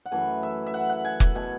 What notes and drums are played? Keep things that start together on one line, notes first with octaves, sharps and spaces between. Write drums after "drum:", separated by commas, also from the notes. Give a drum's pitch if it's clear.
F#5
F#2 E3 A3 G#5
E5
E5
F#5
F#5
G#5
G#5, drum: kick
B2 A3 G#5